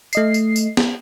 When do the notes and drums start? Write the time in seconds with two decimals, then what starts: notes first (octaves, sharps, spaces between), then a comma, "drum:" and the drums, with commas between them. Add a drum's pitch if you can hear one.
0.13 A3 D#5 C7, drum: tambourine
0.34 drum: tambourine
0.56 drum: tambourine
0.77 drum: snare